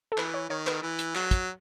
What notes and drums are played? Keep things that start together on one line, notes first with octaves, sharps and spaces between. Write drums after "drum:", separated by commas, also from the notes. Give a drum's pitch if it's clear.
A4
E3 B4, drum: clap
C#5
D#3 C#5
B4, drum: clap
E3
drum: hi-hat
F#3, drum: clap
drum: kick, hi-hat